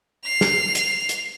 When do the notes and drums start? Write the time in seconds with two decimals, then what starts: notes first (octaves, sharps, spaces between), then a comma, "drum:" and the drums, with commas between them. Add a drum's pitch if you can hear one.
0.24 C7 F7
0.41 drum: snare
0.75 drum: hi-hat
1.09 drum: hi-hat